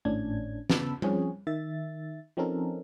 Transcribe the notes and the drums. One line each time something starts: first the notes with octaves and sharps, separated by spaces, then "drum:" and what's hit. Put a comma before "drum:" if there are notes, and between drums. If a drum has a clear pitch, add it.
G#1 A2 C#4 D4 G#6
C#3 B3 A5 B5 E6, drum: snare
F3 C4 C#4 G#4 C#5, drum: tom G3
D#3 E5 A6
F3 C4 C#4 D#4 A4 A#4